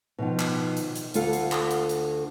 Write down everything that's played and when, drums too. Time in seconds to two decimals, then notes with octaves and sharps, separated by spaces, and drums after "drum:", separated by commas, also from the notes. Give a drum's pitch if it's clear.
0.18 B2 D#3 F3
0.39 drum: clap
0.77 drum: hi-hat
0.96 drum: hi-hat
1.14 D2 D3 F4 A4 F5 F#5, drum: hi-hat
1.33 drum: hi-hat
1.52 drum: clap
1.71 drum: hi-hat
1.89 drum: hi-hat